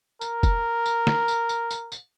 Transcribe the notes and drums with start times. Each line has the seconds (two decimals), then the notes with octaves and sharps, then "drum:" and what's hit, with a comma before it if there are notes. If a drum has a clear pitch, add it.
0.21 A#4, drum: tambourine
0.43 drum: kick, tambourine
0.86 drum: tambourine
1.07 drum: snare
1.28 drum: tambourine
1.49 drum: tambourine
1.70 drum: tambourine
1.92 drum: tambourine